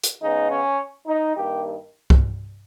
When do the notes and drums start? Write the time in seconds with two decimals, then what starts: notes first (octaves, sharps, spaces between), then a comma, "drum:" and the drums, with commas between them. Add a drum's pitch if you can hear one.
0.03 drum: hi-hat
0.22 C#3 G#3 B3 D#4
0.50 C#4
1.07 D#4
1.35 G2 D#3 A#3 G4
2.10 drum: kick